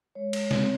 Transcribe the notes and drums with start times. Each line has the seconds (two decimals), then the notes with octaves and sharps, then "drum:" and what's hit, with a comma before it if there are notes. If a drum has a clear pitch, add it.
0.15 G#3 C#5
0.33 drum: cymbal
0.51 C4, drum: snare